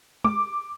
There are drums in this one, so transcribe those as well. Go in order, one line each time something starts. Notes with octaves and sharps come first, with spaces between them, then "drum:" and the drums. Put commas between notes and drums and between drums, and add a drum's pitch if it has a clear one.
D6, drum: tom